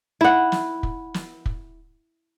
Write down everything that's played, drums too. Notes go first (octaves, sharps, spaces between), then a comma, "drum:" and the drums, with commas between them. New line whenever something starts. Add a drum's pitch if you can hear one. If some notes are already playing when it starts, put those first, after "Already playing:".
E4 F#5
drum: snare
drum: kick
drum: snare
drum: kick